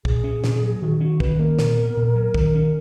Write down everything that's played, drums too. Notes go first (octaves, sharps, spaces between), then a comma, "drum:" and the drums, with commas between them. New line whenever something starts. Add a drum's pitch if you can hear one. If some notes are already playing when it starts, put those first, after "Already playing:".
A#2 G#4, drum: kick
C#4
A#2, drum: snare
F#3
D#3 F#4
C#4 F#4
D#3 B4, drum: kick
A#3 A#4
A#2, drum: snare
B3
A#2
F#3
D#3, drum: kick
C#4